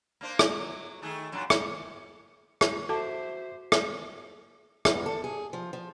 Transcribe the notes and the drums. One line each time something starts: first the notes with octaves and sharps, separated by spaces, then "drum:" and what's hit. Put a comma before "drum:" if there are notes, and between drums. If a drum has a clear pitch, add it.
A#3 D4 C5
drum: rim click
F#3
D#3 A3 G#4
F#2 A#2 D4
drum: rim click
drum: rim click
F#4 A4 C5 E5 A5 D6
drum: rim click
E2, drum: rim click
A4
G#4
F3
F3